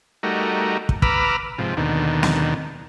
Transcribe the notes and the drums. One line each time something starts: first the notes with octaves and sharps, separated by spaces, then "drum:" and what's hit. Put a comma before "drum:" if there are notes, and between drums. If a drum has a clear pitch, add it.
G3 A3 D#4 F#4 A#4
drum: kick
B4 A#5 B5 D6 E6 F6, drum: kick
G#2 C3 F3
D#2 B2 D3 D#3
drum: snare